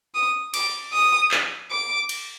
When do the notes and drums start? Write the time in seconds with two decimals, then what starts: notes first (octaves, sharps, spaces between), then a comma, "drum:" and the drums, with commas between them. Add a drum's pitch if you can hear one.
0.15 D#6
0.54 D6, drum: cymbal
0.93 D#6
1.31 drum: clap
1.71 D6
2.09 drum: cymbal